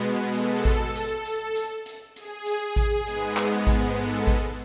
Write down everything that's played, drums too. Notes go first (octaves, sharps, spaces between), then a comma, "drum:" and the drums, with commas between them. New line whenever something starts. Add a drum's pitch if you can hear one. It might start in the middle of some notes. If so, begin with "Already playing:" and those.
Already playing: B2 G#3 B3
A4, drum: hi-hat
drum: kick A1, hi-hat
drum: hi-hat
drum: hi-hat
drum: hi-hat
drum: hi-hat
G#4, drum: hi-hat
drum: hi-hat
drum: kick A1, hi-hat
G#2 G#3 B3, drum: hi-hat
drum: clap
drum: kick A1, hi-hat
A4
drum: kick A1, hi-hat